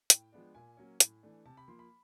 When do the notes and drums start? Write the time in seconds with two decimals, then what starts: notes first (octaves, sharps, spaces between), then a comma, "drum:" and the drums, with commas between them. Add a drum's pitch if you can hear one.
0.10 A2 G5, drum: hi-hat
0.33 F3 G#3 B3 D4
0.55 A#2 G#5
0.77 F#3 A#3 C#4
1.00 A2, drum: hi-hat
1.23 E3 A3 D4
1.45 C3 A5
1.57 B5
1.68 F3 A#3 C6
1.79 B5